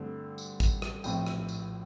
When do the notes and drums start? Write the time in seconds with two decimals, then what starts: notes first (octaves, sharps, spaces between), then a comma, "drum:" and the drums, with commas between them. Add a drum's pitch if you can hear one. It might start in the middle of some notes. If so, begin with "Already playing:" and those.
Already playing: G2 D3 A3 C4
0.38 drum: tambourine
0.60 drum: kick G#1, tambourine
0.82 drum: rim click
1.04 A#1 A2 F3 C4 G5, drum: tambourine
1.27 drum: rim click
1.49 drum: tambourine